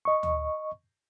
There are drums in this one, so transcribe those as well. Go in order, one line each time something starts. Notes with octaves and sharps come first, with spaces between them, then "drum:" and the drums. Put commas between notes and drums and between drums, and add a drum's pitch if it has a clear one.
D#5 C#6
drum: tom D2